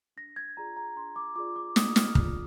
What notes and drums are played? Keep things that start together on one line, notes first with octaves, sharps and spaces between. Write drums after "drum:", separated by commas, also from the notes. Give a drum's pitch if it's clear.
D4 A#6
G#6
F4 G#4 D5 A#5
A#5
D4 C6
D6
F4 G#4 D5 D6
D6
D4 D#6, drum: snare
F6, drum: snare
F4 G#4 D5 F6, drum: kick